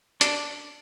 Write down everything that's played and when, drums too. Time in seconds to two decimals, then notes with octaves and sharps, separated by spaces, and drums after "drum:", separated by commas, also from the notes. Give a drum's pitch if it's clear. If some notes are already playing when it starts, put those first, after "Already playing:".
0.21 D4 D5, drum: hi-hat